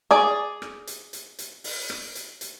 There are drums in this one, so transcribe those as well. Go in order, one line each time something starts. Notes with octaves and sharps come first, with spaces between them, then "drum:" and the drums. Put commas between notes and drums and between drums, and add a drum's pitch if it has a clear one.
G#4 D5
drum: rim click
drum: hi-hat
drum: hi-hat
drum: hi-hat
drum: open hi-hat
drum: rim click
drum: hi-hat
drum: hi-hat